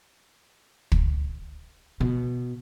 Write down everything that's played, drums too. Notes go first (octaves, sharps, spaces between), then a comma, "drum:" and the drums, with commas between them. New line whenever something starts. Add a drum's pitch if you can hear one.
drum: kick
B2